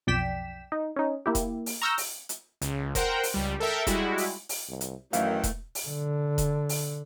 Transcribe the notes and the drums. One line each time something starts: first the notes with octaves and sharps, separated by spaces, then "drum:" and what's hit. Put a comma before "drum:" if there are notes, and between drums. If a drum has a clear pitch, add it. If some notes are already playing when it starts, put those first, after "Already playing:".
B1 F2 D5 G5 B6 E7
D#4
C#4 D#4
A#3 E4 G4
drum: kick E1, hi-hat
drum: open hi-hat
A#5 C#6 E6 F6 G6 A#6
drum: open hi-hat
drum: hi-hat
C#2, drum: hi-hat
A#4 C5 F#5 G5, drum: kick E1, hi-hat
drum: open hi-hat
C#2 G3
A4 A#4 E5 G5
G3 G#3 E4 F#4, drum: kick E1, hi-hat
drum: open hi-hat
drum: open hi-hat
C2
drum: hi-hat
F#2 D#3 E3 A3 F5, drum: hi-hat
drum: kick E1, hi-hat
drum: open hi-hat
D3
drum: kick E1, hi-hat
drum: open hi-hat